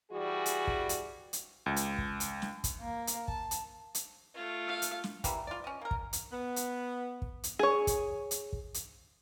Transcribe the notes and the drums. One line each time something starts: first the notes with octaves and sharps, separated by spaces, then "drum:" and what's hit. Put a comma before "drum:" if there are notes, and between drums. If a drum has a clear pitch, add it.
E3 G3 F#4 G#4
drum: hi-hat
drum: kick
drum: hi-hat
drum: hi-hat
C#2
drum: hi-hat
drum: kick
drum: hi-hat
drum: snare
drum: kick, hi-hat
A#3
drum: hi-hat
A5, drum: kick
drum: hi-hat
drum: hi-hat
A3 F4
F5
drum: hi-hat
drum: snare
E3 G3 A#3, drum: kick, hi-hat
F4 D5
C#4 D#5
A#3 A#4
drum: kick
drum: hi-hat
B3
drum: hi-hat
drum: kick
drum: hi-hat
G#4 C#5
drum: kick, hi-hat
drum: hi-hat
drum: kick
drum: hi-hat